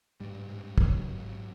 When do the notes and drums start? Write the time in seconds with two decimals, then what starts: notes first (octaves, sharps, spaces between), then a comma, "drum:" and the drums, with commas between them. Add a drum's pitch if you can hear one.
0.20 G#2 G3
0.35 G#2
0.48 G#2
0.63 G#2
0.78 G#2 F#3, drum: kick
0.92 G#2
1.05 G#2
1.20 G#2